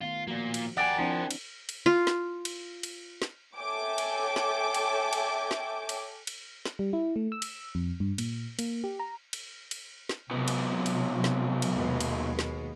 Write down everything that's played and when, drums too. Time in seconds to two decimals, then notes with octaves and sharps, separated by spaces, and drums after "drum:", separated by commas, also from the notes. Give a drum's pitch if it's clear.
0.01 D#3 A3 B3 F4
0.27 A#2 F3 A#3 F#4
0.54 drum: cymbal
0.77 G4 A#4 D5 F#5 G#5
0.99 F3 C4 D4 E4
1.31 drum: cymbal
1.69 drum: cymbal
1.86 F4
2.07 drum: snare
2.45 drum: cymbal
2.83 drum: cymbal
3.22 drum: snare
3.56 A4 C#5 E5 G5 G#5 D6
3.98 drum: cymbal
4.36 drum: snare
4.74 drum: cymbal
5.13 drum: cymbal
5.51 drum: snare
5.89 drum: cymbal
6.27 drum: cymbal
6.66 drum: snare
6.79 G3
6.93 E4
7.16 A3
7.32 E6
7.42 drum: cymbal
7.75 F2
8.00 G2
8.18 A#2, drum: cymbal
8.59 A#3, drum: cymbal
8.84 G4
9.00 A#5
9.33 drum: cymbal
9.71 drum: cymbal
10.09 drum: snare
10.31 G#2 C3 F#3 B3
10.48 drum: cymbal
10.86 drum: cymbal
11.24 drum: snare
11.62 drum: cymbal
11.74 D#2 B2 G#3
12.00 drum: cymbal
12.39 drum: snare